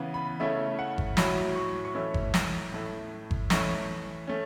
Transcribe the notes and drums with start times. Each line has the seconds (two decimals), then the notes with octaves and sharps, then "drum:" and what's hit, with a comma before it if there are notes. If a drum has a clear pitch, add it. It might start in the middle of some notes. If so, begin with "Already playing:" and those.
Already playing: C#3 E3 B3
0.14 B5
0.40 C#3 A3 C#4 E4 E5
0.79 F#5
0.98 drum: kick G1
1.17 A2 F#3 C#4 E4 B5, drum: snare
1.56 C#6
1.85 C#6
1.95 E3 A3 C#4 E4 E6
2.14 drum: kick G1
2.34 drum: snare
2.72 A2 A3 E4
3.31 drum: kick G1
3.50 E3 A3 C#4 E4 C#6, drum: snare
4.27 A3 C#4